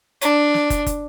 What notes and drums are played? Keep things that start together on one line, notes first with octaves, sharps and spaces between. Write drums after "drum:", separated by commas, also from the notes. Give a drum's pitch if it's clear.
D4, drum: hi-hat
drum: snare
drum: kick, hi-hat
drum: kick, hi-hat